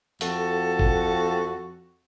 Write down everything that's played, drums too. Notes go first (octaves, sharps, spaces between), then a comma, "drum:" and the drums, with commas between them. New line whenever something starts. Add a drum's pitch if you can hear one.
F2 F#4 A4, drum: hi-hat
drum: kick G1